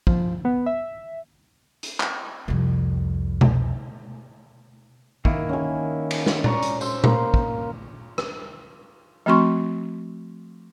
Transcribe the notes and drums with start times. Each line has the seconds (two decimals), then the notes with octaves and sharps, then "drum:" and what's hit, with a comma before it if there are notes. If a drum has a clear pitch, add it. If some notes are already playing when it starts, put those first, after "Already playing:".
0.07 F3, drum: kick
0.45 B3
0.66 E5
1.83 drum: hi-hat
2.00 drum: clap
2.48 C2 F2
3.41 drum: tom B2
5.25 D#3 A#3 E4, drum: kick
5.49 C#4 G#5
6.11 drum: cymbal
6.26 drum: snare
6.44 D5 A#5 C#6, drum: tom A#2
6.62 drum: hi-hat
6.81 C5 C6 E6, drum: tambourine
7.04 A#3, drum: tom A#2
7.34 drum: kick
8.18 drum: rim click
9.26 F3 A3 C4 F#4 C6 C#6